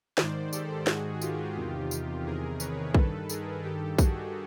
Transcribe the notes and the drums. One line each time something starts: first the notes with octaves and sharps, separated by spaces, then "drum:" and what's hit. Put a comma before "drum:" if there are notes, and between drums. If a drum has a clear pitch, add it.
G#2 D#3 C5 D5, drum: snare
G4 A4, drum: tambourine
G#2 D#3 F#4 G#4, drum: snare
F4 G4, drum: tambourine
E2 C3 D#3
drum: tambourine
E2 C3 D#3 G#4 A#4
B4 C#5, drum: tambourine
G2 D#3 A4 B4, drum: kick
G#4 A#4, drum: tambourine
G2 D#3 G4 A4
F#4 G#4, drum: kick, tambourine